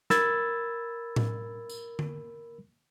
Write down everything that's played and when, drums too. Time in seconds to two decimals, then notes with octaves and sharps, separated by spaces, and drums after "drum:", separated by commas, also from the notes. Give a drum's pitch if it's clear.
0.10 A#4 B5 E6 G#6 A6, drum: snare
1.16 drum: tom A2
1.69 drum: tambourine
1.99 drum: tom D3